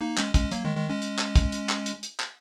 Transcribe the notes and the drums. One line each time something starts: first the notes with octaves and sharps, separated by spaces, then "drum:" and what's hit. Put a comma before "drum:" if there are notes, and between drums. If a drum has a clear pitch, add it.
A#3 D#4
G#3 C#4, drum: clap
G#3 C#4, drum: kick, hi-hat
F#3 A#3, drum: hi-hat
D#3 G#3
D#3 G#3
G#3 C#4
drum: hi-hat
drum: clap
drum: kick, hi-hat
drum: hi-hat
drum: clap
drum: hi-hat
drum: hi-hat
drum: clap